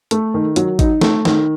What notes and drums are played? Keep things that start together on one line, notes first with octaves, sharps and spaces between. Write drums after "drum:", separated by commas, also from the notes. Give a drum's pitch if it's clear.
A3, drum: hi-hat
D#3
F#3, drum: hi-hat
D#4, drum: kick G#1, hi-hat
A3, drum: snare
D#3, drum: snare